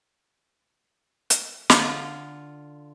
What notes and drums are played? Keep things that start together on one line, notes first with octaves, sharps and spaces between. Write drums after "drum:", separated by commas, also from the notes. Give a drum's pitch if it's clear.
drum: hi-hat
D3 F4, drum: snare